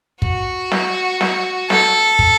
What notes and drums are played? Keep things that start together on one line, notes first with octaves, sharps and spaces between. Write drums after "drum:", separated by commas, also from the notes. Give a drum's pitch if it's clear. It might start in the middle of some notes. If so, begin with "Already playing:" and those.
F#4, drum: kick
drum: snare
drum: snare
A4, drum: snare
drum: kick